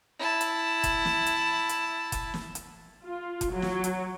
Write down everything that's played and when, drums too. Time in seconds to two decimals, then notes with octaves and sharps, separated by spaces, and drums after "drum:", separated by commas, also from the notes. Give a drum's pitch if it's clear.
0.19 E4 A5
0.41 drum: hi-hat
0.84 drum: kick F1, hi-hat
1.05 drum: snare
1.26 drum: hi-hat
1.69 drum: hi-hat
2.12 drum: kick F1, hi-hat
2.34 drum: snare
2.55 drum: hi-hat
3.04 F4
3.41 drum: kick F1, hi-hat
3.51 F#3
3.62 drum: snare
3.84 drum: hi-hat